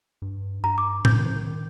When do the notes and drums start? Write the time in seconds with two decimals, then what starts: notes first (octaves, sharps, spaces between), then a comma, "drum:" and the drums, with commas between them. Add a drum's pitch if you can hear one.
0.22 G2
0.64 G2 A#5
0.78 D6
1.05 G2 G6, drum: tom A2
1.15 D#3
1.26 F3
1.36 D#3
1.46 D#3